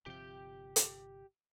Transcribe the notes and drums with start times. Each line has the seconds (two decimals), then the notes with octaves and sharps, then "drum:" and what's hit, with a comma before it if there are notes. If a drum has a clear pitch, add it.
0.06 G1 C3 F3 G4 G5
0.76 drum: hi-hat